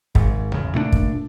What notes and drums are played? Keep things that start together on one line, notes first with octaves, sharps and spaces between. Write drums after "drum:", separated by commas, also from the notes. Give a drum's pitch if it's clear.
G#1 G#2, drum: kick
A1 E2 C#3
A#2 A3 C4 D4
drum: kick